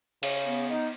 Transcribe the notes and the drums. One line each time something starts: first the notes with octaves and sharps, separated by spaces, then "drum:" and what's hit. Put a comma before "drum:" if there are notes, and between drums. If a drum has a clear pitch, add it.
C#3, drum: cymbal
B3
D#4